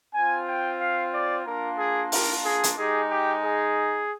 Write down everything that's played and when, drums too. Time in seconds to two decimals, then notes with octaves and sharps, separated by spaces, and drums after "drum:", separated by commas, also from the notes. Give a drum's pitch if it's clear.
0.14 C4 F4 G#5
0.47 G5
0.80 F5
1.13 D5
1.45 A#3 D4 F4 A#4
1.78 G#4
2.12 A#4, drum: open hi-hat
2.44 G#4
2.64 drum: hi-hat
2.77 G#3 D#4 G4 G#4
3.10 G4
3.43 G#4